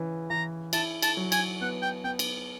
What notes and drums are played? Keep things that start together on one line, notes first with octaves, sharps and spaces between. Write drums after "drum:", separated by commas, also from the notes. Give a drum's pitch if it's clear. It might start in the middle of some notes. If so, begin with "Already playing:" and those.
Already playing: C#3 E3 C#4
E3 A#5
E4 A5, drum: cymbal
A5, drum: cymbal
F#3
G#5, drum: cymbal
B3 F#5
G5
B3 G5
drum: cymbal